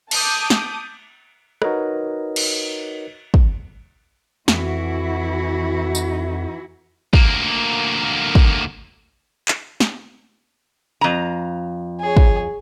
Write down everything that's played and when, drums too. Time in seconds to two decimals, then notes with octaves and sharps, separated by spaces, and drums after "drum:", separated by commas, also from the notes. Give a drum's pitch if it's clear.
0.11 A5 D6 D#6 G6, drum: cymbal
0.50 drum: snare
1.62 D#4 F#4 A#4 B4 C#5 D#5, drum: rim click
2.36 drum: cymbal
3.34 drum: kick
4.48 F2 E3 E4 F#4, drum: snare
5.95 drum: tambourine
7.13 D2 A#3, drum: kick
8.35 drum: kick
9.48 drum: clap
9.80 drum: snare
11.01 F2 A#5
12.01 G#4 C#5
12.17 drum: kick